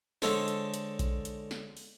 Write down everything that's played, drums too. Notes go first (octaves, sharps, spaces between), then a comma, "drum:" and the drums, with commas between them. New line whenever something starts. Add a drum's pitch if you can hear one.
D3 G#3 A4 C5 C#5, drum: snare
drum: hi-hat
drum: hi-hat
drum: kick A#1, hi-hat
drum: hi-hat
drum: snare
drum: open hi-hat